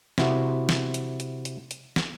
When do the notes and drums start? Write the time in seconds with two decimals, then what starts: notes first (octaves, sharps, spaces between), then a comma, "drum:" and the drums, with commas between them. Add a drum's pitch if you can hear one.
0.18 C3 E4 F#4, drum: snare
0.69 drum: snare
0.94 drum: hi-hat
1.20 drum: hi-hat
1.45 drum: hi-hat
1.71 drum: hi-hat
1.96 drum: snare